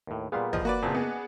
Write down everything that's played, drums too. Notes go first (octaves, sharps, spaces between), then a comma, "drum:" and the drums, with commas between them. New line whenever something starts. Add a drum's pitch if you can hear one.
D#2 A2
A#2 G3 B3 G#4 F5 C6
F3 D#5 D#6, drum: kick
A#3 F#4 B4 D5
F#1 F2 A#2 B3 C4 G#4
B3 G#4 D#5